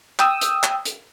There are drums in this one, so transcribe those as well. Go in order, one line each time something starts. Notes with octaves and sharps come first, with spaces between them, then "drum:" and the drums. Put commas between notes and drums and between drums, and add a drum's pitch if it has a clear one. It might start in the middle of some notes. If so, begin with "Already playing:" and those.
G5 D#6 E6, drum: clap
drum: hi-hat
drum: clap
drum: hi-hat